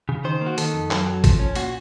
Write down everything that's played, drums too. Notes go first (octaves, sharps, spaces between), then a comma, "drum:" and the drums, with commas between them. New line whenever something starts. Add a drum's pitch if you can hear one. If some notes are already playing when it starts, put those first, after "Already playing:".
C#3
D#3 C5
A#3
F#4
D#3 A4, drum: hi-hat
F2
F#2, drum: clap
F#3
F3, drum: kick G#1, hi-hat
C#4
A#2 F#4, drum: hi-hat